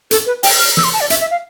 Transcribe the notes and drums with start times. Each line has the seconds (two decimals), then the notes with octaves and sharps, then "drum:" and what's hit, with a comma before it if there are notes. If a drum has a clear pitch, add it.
0.11 A4, drum: hi-hat
0.26 B4
0.43 G5, drum: open hi-hat
0.59 F6
0.77 E6, drum: snare
0.84 C6
0.93 A5
1.01 D5
1.10 E5, drum: hi-hat
1.21 E5
1.31 F5